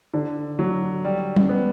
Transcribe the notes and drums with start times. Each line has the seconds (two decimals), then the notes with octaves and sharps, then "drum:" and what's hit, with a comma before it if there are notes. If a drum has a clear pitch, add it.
0.14 D3
0.59 F#3
1.05 G3
1.36 drum: tom G3
1.49 B3